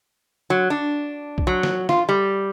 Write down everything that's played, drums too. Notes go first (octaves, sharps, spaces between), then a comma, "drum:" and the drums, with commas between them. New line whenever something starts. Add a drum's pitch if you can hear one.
F#3
D4
drum: kick B1
F#3
drum: snare
F4, drum: snare
G3